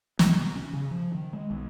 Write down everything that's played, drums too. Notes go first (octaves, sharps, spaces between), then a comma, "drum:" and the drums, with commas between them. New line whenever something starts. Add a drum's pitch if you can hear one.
C2, drum: snare
B2
C#4
C#3
F3
D#3
G#3
B1